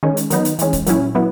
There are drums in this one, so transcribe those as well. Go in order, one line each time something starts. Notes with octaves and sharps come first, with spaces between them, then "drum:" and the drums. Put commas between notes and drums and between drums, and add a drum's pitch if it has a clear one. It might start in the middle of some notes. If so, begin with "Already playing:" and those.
D#3 G#3 C#4
drum: hi-hat
D#3 F#3 B3 D#4, drum: hi-hat
drum: hi-hat
E3 G#3 C#4, drum: hi-hat
drum: kick C#1, hi-hat
A#2 F#3 C#4 E4, drum: hi-hat
F#3 B3 E4